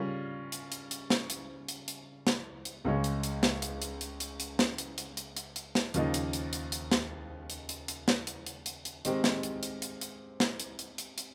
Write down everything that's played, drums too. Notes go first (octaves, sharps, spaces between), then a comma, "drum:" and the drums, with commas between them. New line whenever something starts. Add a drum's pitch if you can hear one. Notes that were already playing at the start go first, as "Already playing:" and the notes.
Already playing: C#3 G3 C#4 F4 A#4
drum: hi-hat
drum: hi-hat
drum: hi-hat
drum: snare
drum: hi-hat
drum: hi-hat
drum: hi-hat
drum: snare
drum: hi-hat
C#2 C#3 G#3 C#4
drum: hi-hat
drum: hi-hat
drum: snare
drum: hi-hat
drum: hi-hat
drum: hi-hat
drum: hi-hat
drum: hi-hat
drum: snare
drum: hi-hat
drum: hi-hat
drum: hi-hat
drum: hi-hat
drum: hi-hat
drum: snare
D#2 C#3 F3 A#3 D#4, drum: hi-hat
drum: hi-hat
drum: hi-hat
drum: hi-hat
drum: hi-hat
drum: snare
drum: hi-hat
drum: hi-hat
drum: hi-hat
drum: snare
drum: hi-hat
drum: hi-hat
drum: hi-hat
drum: hi-hat
D#3 G#3 C4 G4 A#4, drum: hi-hat
drum: snare
drum: hi-hat
drum: hi-hat
drum: hi-hat
drum: hi-hat
drum: snare
drum: hi-hat
drum: hi-hat
drum: hi-hat
drum: hi-hat